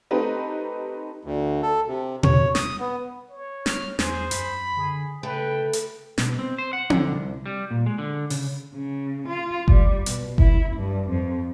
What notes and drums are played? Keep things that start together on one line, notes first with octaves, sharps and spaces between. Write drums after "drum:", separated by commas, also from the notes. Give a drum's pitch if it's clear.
A3 C4 D#4 G4 B4 D#5
D2
A4
C3
C#5, drum: tom B2
D#6, drum: snare
B3
C#5
F6, drum: snare
E2 G#4 C5, drum: snare
F#2 B5, drum: hi-hat
D3 G#4
C#3 A3 B4 G5
drum: hi-hat
B2, drum: snare
C4
C5
F#5
D3, drum: tom C4
C2
G3
A#2
G#3
D3
C#3, drum: open hi-hat
C#3
F4
G3, drum: kick F#1
B2, drum: hi-hat
E4, drum: kick F#1
G2
F2